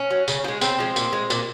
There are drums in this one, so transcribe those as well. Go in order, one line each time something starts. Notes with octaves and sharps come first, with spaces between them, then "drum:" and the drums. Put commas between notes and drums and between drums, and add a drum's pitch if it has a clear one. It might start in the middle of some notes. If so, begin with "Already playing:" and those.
Already playing: C#4
F#3
C#3, drum: tambourine
F3
G#3
C#3 C4, drum: tambourine
F3 G#3
A#2, drum: tambourine
G#3
A#2, drum: tambourine